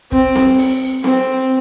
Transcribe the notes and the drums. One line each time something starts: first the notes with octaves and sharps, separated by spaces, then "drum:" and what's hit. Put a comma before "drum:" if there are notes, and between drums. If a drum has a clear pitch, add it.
C4, drum: kick, hi-hat
drum: snare C4
drum: open hi-hat
C4, drum: snare C4